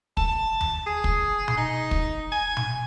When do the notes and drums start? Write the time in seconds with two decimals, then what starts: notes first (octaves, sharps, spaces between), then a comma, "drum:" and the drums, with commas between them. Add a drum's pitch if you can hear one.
0.17 A5, drum: kick
0.61 drum: tom D#2
0.86 G#4
1.04 drum: kick
1.48 drum: tom B2
1.57 D#4
1.91 drum: kick
2.32 G#5
2.57 drum: tom B2